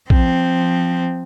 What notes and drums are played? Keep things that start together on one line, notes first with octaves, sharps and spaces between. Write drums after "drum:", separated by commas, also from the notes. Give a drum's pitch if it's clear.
F3 C4, drum: kick